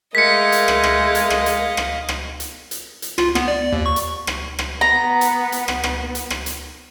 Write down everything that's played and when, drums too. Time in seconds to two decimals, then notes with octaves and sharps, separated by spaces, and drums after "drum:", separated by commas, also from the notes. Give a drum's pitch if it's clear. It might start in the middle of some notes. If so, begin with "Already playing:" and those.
0.15 G#3 A3 A#4 D#5 F5 B6 C#7
0.52 drum: hi-hat
0.68 drum: rim click
0.84 drum: rim click
1.15 drum: hi-hat
1.30 drum: rim click
1.46 drum: hi-hat
1.77 drum: rim click
2.09 drum: rim click
2.40 drum: hi-hat
2.71 drum: hi-hat
3.02 drum: hi-hat
3.18 F4, drum: rim click
3.35 B3, drum: rim click
3.48 D5
3.73 D#2
3.86 C#6
3.96 drum: hi-hat
4.27 drum: rim click
4.59 drum: rim click
4.81 B3 A#5
5.21 drum: hi-hat
5.52 drum: hi-hat
5.68 drum: rim click
5.84 drum: rim click
6.15 drum: hi-hat
6.30 drum: rim click
6.46 drum: hi-hat